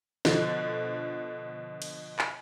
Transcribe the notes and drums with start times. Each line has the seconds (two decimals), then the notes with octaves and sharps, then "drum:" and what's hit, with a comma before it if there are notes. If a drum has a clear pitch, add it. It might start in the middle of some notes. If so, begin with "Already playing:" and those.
0.25 B2 D3 F3, drum: snare
1.82 drum: cymbal
2.19 drum: clap